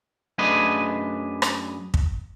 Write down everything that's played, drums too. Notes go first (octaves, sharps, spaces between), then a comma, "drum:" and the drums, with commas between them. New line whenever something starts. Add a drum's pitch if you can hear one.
F#2 A3 D4 G#4 B4 D#5
drum: rim click
drum: kick